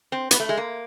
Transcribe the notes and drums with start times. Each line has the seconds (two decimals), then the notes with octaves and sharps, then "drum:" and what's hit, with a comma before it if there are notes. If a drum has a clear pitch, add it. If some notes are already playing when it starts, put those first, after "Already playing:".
0.12 C4
0.31 B3, drum: hi-hat
0.40 A3
0.49 G#3
0.57 A#3